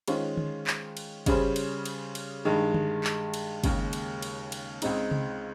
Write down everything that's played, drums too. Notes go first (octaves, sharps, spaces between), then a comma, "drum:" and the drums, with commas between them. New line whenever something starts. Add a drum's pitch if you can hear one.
D#3 G#3 C#4 F4 C5, drum: cymbal
drum: tom D3
drum: clap
drum: cymbal
C#3 G3 C#4 G#4 C5, drum: kick, cymbal
drum: cymbal
drum: cymbal
drum: cymbal
G2 D#3 G#3
drum: tom D3
drum: clap
drum: cymbal
D#2 C#3 G#3, drum: kick, cymbal
drum: cymbal
drum: cymbal
drum: cymbal
C#2 C#3 G#3 C4 D#4, drum: cymbal
drum: tom C3